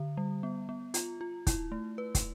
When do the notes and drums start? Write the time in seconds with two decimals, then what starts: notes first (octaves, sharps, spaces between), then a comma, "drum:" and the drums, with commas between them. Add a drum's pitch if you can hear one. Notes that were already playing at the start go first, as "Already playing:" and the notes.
Already playing: D3
0.17 G3
0.43 B3
0.69 B3
0.94 F4, drum: hi-hat
1.21 F4
1.47 E4, drum: kick, hi-hat
1.72 A3
1.98 B4
2.15 drum: kick, hi-hat